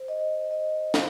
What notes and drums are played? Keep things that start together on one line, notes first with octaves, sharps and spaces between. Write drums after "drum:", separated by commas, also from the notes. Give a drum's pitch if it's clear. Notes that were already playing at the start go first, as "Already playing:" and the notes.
Already playing: C5
D#5
D#5
F5, drum: snare